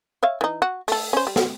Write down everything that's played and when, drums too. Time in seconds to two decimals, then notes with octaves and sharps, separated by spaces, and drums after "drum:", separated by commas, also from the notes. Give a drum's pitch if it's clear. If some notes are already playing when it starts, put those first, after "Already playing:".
0.23 C#5 E5 F5
0.41 E3 D#4
0.62 F#4
0.88 A3 A4, drum: open hi-hat
1.13 C#4 C5
1.27 G3
1.36 drum: snare